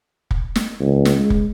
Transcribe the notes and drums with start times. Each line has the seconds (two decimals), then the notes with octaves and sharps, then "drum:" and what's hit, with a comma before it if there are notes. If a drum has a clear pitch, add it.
0.31 drum: kick
0.56 drum: snare
0.80 C#2
1.05 drum: snare
1.19 G#3
1.30 drum: kick